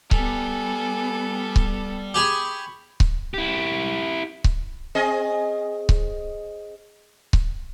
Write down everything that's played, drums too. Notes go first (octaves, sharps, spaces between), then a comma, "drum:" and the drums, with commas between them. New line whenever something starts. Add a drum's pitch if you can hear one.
G3 B3 A4 G#5, drum: kick C#1
drum: kick C#1
G4 G#4 G#5 B5 C#6
drum: kick C#1
E4 G4
drum: kick C#1
C4 G#4 D#5
drum: kick C#1
drum: kick C#1